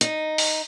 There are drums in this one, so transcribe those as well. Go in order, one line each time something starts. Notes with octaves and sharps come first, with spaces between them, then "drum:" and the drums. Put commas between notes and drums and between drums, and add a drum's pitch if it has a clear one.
D#4, drum: hi-hat
drum: open hi-hat